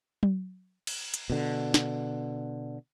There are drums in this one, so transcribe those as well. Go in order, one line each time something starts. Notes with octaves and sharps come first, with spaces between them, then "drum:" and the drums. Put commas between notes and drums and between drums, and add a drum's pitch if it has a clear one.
drum: tom F#3
drum: cymbal
drum: hi-hat
B2 D3
drum: snare